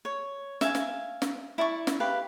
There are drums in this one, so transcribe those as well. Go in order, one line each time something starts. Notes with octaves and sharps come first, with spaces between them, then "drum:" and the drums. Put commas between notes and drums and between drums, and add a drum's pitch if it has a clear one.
C#5
E5 F5 G#5, drum: snare
drum: snare
drum: snare
E4 D5 A5 C#6
drum: snare
G4 B4 F5